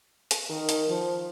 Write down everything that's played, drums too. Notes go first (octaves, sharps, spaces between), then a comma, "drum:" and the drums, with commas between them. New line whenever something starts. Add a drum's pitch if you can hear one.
drum: hi-hat
D#3
drum: hi-hat
F3